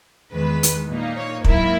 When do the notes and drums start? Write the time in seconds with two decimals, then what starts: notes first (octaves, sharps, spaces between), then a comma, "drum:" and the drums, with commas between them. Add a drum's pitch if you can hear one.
0.32 E2 D#3 G#3 B4
0.63 drum: hi-hat
0.89 A#2 A#3 D#4
1.17 C#5
1.44 G#2 F#3 A#3 E4 A#4, drum: kick